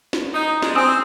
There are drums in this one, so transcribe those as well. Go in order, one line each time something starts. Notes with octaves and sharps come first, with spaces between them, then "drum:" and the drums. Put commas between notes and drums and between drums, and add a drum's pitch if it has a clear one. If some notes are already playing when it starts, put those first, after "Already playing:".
drum: snare
D#4
G#3 D4, drum: snare
C4 G#5 D#6 E6
D#6